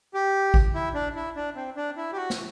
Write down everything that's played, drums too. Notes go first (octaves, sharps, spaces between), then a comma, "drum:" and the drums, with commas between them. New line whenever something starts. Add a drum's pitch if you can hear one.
G4
drum: kick G#1
E4
D4
E4
D4
C4
D4
E4
G4
F#4
drum: snare